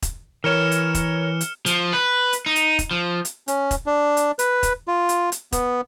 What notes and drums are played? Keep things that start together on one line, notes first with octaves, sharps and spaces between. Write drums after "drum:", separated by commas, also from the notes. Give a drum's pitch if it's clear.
drum: kick E1, hi-hat
E3 A#4 C#5 F6 C#7 E7
drum: hi-hat
drum: kick E1, hi-hat
drum: hi-hat
F3, drum: hi-hat
B4
drum: hi-hat
D#4
drum: hi-hat
drum: kick E1, hi-hat
F3
drum: hi-hat
C#4, drum: hi-hat
drum: kick E1, hi-hat
D4
drum: hi-hat
B4, drum: hi-hat
drum: kick E1, hi-hat
F4
drum: hi-hat
drum: hi-hat
B3, drum: kick E1, hi-hat